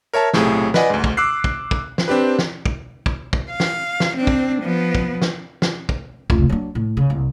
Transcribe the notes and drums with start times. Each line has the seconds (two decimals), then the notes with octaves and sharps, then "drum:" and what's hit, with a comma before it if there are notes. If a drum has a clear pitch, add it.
0.14 A#4 C#5 E5 A5
0.33 B1 A2 C3 G#4, drum: snare
0.74 B4 D5 D#5 F#5 G#5, drum: snare
0.90 D2 G#2
1.04 drum: kick
1.17 D6 E6 F#6 C7
1.44 drum: kick
1.71 drum: kick
1.98 drum: snare
2.08 C4 D4 G4 B4
2.39 drum: snare
2.66 drum: kick
3.06 drum: kick
3.33 drum: kick
3.50 F5
3.60 drum: snare
4.00 drum: snare
4.16 C4 D4
4.27 drum: kick
4.62 F3 B3
4.95 drum: kick
5.22 drum: snare
5.62 drum: snare
5.89 drum: kick
6.30 F1 C#2, drum: kick
6.49 F#3 D4
6.75 A2
6.97 C#3
7.10 C2